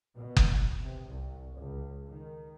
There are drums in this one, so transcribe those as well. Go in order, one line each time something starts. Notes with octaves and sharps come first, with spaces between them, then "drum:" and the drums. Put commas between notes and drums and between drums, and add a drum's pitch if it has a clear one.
B2
drum: kick F#1
C3
C2
C#2
D#3